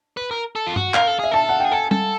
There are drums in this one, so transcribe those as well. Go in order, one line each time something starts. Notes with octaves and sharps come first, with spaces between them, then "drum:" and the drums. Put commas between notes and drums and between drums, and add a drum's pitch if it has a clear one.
B4
A#4
A4
F4
F#4, drum: tom G2
A#4 F5, drum: clap
A4
G#4 E5
A4 A5
F#5
G#4 G5
A4 G#5
A4, drum: tom G3